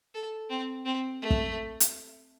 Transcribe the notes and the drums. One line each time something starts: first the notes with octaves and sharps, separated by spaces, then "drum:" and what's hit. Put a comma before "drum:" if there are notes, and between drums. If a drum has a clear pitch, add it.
A4
C4
C4
A3
drum: kick
drum: hi-hat